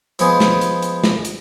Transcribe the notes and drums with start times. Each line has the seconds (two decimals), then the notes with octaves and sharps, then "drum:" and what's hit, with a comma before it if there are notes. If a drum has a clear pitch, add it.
0.19 F3 G#3 B3 G#5 D#6, drum: hi-hat
0.40 drum: snare
0.61 drum: hi-hat
0.82 drum: hi-hat
1.04 drum: snare
1.25 drum: hi-hat